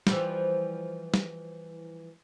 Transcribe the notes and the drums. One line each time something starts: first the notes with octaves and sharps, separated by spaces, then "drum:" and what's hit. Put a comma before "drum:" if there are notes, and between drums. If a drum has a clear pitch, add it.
E3 F3 G3, drum: snare
drum: snare